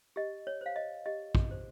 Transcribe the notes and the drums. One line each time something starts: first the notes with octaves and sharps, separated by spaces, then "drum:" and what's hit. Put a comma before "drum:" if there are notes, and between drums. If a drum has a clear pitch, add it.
G4 D#5
C#5
C5 F5
D#5
G4 D#5
drum: kick
C5